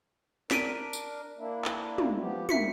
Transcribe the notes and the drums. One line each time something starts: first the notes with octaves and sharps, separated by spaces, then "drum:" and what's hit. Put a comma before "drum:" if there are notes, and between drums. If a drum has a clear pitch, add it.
D4 A#4 B6 D7 D#7, drum: snare
drum: tambourine
A#3 D4 E4
drum: clap
drum: tom
F3 B3 G4
A#3 E5 B6 C#7, drum: tom